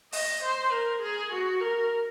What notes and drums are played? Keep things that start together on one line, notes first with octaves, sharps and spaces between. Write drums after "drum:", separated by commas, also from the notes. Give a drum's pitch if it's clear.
D#5, drum: open hi-hat
C5
A#4
G#4
F#4
A#4